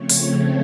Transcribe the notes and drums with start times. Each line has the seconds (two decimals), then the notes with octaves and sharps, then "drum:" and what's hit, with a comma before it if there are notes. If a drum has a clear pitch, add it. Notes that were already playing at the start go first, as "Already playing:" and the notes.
Already playing: C#3 F3 A3 C4 C#5
0.10 drum: open hi-hat